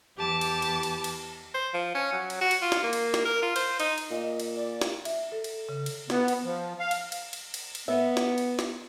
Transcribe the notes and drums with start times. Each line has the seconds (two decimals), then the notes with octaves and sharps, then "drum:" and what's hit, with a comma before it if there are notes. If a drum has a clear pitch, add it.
0.18 E2 E3 G4 A5 D6
0.41 drum: cymbal
0.62 drum: cymbal
0.83 drum: cymbal
1.04 drum: cymbal
1.55 C5
1.74 F3
1.95 C#4
2.12 F#3
2.30 drum: cymbal
2.41 F#4
2.51 drum: cymbal
2.62 F4
2.72 drum: snare
2.84 A#3
2.93 drum: cymbal
3.14 drum: snare
3.25 A#4
3.42 F4
3.56 C5, drum: cymbal
3.80 D#4, drum: cymbal
3.98 drum: cymbal
4.11 A#2 D#5
4.40 drum: cymbal
4.56 D5
4.81 drum: snare
5.05 E5, drum: cymbal
5.32 A4
5.44 drum: cymbal
5.69 C#3
5.86 drum: cymbal
6.10 B3, drum: snare
6.28 drum: cymbal
6.44 F3
6.79 F5
6.91 drum: cymbal
7.12 drum: cymbal
7.33 drum: cymbal
7.54 drum: cymbal
7.75 drum: cymbal
7.88 B3 E5
8.17 drum: snare
8.38 drum: cymbal
8.59 drum: snare